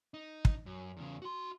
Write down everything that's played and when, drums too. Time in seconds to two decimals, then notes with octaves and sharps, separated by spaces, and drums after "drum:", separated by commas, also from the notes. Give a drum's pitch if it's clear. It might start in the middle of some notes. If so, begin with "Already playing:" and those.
0.14 D#4
0.45 drum: kick
0.66 F#2
0.97 E2 C#3
1.22 F#4 C6